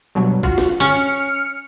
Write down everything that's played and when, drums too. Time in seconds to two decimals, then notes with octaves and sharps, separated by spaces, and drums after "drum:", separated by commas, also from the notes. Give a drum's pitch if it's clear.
0.15 G2 B2 F#3
0.43 F4 F#4, drum: kick
0.58 drum: snare
0.80 C#4 F6 C#7
0.96 drum: hi-hat